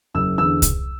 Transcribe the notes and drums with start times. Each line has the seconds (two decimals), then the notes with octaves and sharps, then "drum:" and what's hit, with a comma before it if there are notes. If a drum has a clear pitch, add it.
0.14 F#1 E6
0.38 E2 D3 E6
0.62 drum: kick C2, hi-hat